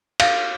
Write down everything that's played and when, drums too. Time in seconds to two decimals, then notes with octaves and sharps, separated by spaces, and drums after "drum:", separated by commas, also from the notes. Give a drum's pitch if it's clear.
0.20 F5, drum: cymbal